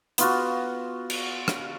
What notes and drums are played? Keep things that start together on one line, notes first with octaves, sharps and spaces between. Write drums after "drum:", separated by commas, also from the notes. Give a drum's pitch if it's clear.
B3 F4 F#4, drum: hi-hat
drum: cymbal
drum: rim click